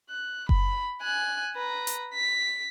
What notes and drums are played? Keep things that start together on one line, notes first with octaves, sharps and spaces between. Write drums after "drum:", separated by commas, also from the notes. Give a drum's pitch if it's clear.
F#6
B5, drum: kick F#1
G#5 F#6
B4 A#5
drum: hi-hat
B6